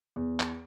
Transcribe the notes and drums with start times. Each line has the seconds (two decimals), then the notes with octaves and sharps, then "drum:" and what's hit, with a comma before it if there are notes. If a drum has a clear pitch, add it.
0.16 E2
0.40 drum: clap